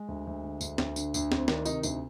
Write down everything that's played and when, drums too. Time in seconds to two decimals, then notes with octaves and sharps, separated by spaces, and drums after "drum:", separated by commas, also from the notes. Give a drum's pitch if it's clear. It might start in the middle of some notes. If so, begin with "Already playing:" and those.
Already playing: G#3
0.08 D2
0.27 D2
0.43 D3
0.61 D2, drum: tambourine
0.78 D2, drum: snare
0.96 D3, drum: tambourine
1.14 D2, drum: tambourine
1.32 D2 C4, drum: snare
1.48 D#3 D4, drum: snare
1.66 C3 D#4, drum: tambourine
1.83 D2 D#4, drum: tambourine